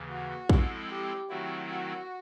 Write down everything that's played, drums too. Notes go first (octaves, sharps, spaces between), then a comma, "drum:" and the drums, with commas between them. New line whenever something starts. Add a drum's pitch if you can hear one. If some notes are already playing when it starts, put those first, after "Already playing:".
Already playing: D#2 C#3 E3
F#4
F3 G#3 C4 E4 A4, drum: kick
G4
D#3 F#3 A3 C4 E4 F#4
F#4